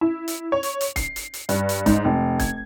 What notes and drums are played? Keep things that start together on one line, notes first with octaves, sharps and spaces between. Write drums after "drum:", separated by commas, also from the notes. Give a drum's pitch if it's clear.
E4
drum: hi-hat
C#5
drum: hi-hat
drum: hi-hat
C7, drum: kick C#1, hi-hat
drum: hi-hat
drum: hi-hat
G2, drum: hi-hat
drum: hi-hat
G#2, drum: kick C#1, hi-hat
F1
G#6, drum: kick C#1, hi-hat